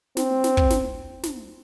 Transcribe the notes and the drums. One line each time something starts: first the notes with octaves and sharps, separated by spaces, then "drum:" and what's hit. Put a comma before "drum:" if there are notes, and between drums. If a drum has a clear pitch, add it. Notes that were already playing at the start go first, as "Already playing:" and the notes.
C4, drum: snare
drum: snare
drum: kick
drum: snare
drum: snare